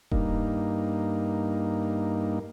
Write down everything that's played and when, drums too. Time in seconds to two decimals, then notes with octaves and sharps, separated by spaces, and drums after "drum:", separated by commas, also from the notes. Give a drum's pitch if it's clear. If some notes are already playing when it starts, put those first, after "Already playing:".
0.12 G2 A#3 D#4, drum: kick D#1